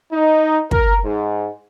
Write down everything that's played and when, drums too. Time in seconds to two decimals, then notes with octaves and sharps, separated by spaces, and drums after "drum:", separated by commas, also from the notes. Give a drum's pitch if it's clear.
0.13 D#4
0.71 A#4, drum: kick
1.04 G#2